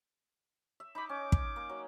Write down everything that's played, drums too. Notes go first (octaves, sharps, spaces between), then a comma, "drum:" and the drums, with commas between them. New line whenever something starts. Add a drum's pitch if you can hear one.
E5
D#4 B5 D6
C#4 D6
drum: kick
A#3
F#3